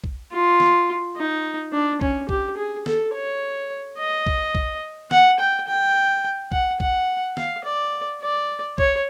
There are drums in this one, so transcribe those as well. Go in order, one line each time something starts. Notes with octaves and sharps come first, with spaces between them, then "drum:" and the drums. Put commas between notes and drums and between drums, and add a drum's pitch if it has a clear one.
drum: kick
F4
drum: snare
D#4
D4
C#4, drum: kick
G4, drum: kick
G#4
A4, drum: snare
C#5
D#5
drum: kick
drum: kick
F#5, drum: snare
G5
G5
F#5, drum: kick
F#5, drum: kick
F5, drum: snare
D5
D5
C#5, drum: kick